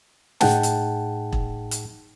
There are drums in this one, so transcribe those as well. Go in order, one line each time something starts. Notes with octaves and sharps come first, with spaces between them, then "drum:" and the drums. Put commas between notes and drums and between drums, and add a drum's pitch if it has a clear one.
A2 D#4 G#4 F#5 G5 A5, drum: snare
drum: hi-hat
drum: kick E1
drum: hi-hat